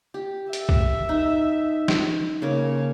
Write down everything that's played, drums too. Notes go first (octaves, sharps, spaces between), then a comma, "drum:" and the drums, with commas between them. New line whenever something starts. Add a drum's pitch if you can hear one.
G4
E5, drum: hi-hat
drum: kick
D#4
drum: snare
C#3 A#3 C#5